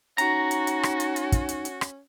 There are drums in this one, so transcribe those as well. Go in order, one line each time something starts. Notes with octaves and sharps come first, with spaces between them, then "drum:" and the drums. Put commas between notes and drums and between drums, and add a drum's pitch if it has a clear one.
C#4 D#4 F#4 A#5, drum: hi-hat
drum: hi-hat
drum: hi-hat
drum: rim click
drum: hi-hat
drum: hi-hat
drum: kick, hi-hat
drum: hi-hat
drum: hi-hat
drum: rim click